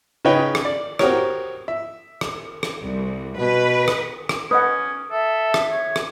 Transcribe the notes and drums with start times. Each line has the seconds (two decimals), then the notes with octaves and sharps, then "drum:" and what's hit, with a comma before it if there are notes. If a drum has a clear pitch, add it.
0.25 C#3 D#4 B4 C#5 G5
0.55 drum: rim click
0.65 D5
0.99 C4 F#4 G4 A#4 C#5, drum: rim click
1.68 E5
2.21 drum: rim click
2.63 drum: rim click
2.84 C2
3.38 B2 B4
3.88 drum: rim click
4.29 drum: rim click
4.51 C#4 B4 D#5 F#5 D#6
5.11 A4 E5
5.54 drum: rim click
5.72 C#5
5.96 drum: rim click